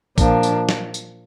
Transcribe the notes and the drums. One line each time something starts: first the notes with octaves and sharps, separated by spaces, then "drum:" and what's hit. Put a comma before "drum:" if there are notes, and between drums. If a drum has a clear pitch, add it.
A#2 F3 A#3 D4, drum: kick, tambourine
drum: tambourine
drum: snare
drum: tambourine